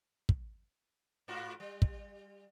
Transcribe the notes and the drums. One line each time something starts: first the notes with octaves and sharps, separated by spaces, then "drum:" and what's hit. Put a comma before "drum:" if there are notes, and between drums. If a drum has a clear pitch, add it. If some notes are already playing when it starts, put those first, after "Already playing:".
drum: kick
G#2 F4 F#4
G3
drum: kick